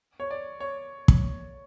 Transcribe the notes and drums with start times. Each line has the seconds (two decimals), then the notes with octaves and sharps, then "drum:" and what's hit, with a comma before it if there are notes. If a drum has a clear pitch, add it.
0.20 C#5
0.31 D5
0.60 C#5
1.08 drum: kick